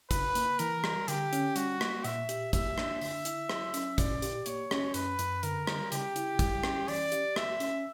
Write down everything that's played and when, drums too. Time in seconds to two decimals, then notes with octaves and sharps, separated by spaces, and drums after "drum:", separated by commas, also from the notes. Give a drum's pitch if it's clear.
0.11 C#3 B4, drum: kick G#1, hi-hat
0.35 A#3, drum: hi-hat
0.59 E3 A#4, drum: hi-hat
0.84 G3, drum: rim click
1.08 D3 G4, drum: hi-hat
1.33 C#4, drum: hi-hat
1.56 G3 F#4, drum: hi-hat
1.81 A#3, drum: rim click
2.04 A#2 E5, drum: hi-hat
2.29 G4, drum: hi-hat
2.53 A#3 E5, drum: kick G#1, hi-hat
2.78 D4, drum: rim click
3.01 D3, drum: open hi-hat
3.25 E4, drum: hi-hat
3.49 F#3, drum: rim click
3.74 C#4, drum: hi-hat
3.98 A#2 D5, drum: kick G#1, hi-hat
4.22 G4, drum: hi-hat
4.46 A#3 C#5, drum: hi-hat
4.71 C#4, drum: rim click
4.94 F#2 B4, drum: hi-hat
5.19 F#2, drum: hi-hat
5.43 D3 A#4, drum: hi-hat
5.67 G3, drum: rim click
5.92 C#3 G4, drum: hi-hat
6.16 E4, drum: hi-hat
6.39 G3, drum: kick G#1, hi-hat
6.64 C#4, drum: rim click
6.88 E3 D5, drum: open hi-hat
7.12 G4, drum: hi-hat
7.36 A#3 E5, drum: rim click
7.60 C#4, drum: hi-hat